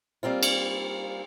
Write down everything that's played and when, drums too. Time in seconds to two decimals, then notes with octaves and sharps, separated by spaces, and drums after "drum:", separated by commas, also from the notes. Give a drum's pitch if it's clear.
0.23 G3 A#3 C4 F4
0.43 drum: cymbal